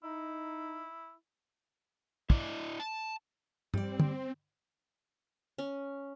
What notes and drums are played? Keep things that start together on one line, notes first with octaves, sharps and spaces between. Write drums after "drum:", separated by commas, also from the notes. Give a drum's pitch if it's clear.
D#4 E4
E4 D5 D#5, drum: kick
A5
G3 C4 D5, drum: tom G2
drum: tom D3
C#4